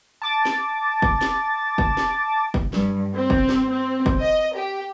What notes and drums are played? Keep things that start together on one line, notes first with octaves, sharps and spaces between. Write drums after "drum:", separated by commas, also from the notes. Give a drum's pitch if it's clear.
A5 D6 A6
drum: snare
drum: kick
drum: snare
drum: kick
drum: snare
drum: kick
G2, drum: snare
C4
drum: kick
drum: snare
C4
drum: kick
D#5
G4